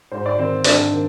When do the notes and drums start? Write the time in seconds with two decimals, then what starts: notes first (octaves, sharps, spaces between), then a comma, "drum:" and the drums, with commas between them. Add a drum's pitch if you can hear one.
0.12 G#2 C5
0.26 D5
0.38 D#3 C4 C5
0.64 G#2 D4 D5, drum: open hi-hat
0.92 D#3